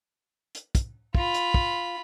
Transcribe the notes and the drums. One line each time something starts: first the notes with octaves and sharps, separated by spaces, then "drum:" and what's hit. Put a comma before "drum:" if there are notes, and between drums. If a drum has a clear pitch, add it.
drum: hi-hat
drum: kick, hi-hat
F4 B5, drum: kick
drum: hi-hat
drum: kick